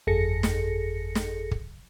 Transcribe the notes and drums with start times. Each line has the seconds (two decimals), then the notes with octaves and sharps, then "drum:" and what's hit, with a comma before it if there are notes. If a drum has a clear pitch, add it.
0.07 G1 F2 G#4 A4 A#6 C#7
0.43 drum: snare
1.15 drum: snare
1.51 drum: kick